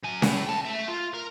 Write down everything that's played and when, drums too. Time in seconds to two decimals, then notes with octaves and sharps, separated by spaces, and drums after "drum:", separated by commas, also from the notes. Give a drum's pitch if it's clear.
0.04 F#2 G#5
0.22 A2, drum: snare C#4
0.47 G5 A5
0.65 A3 E5
0.88 F4
1.14 A#4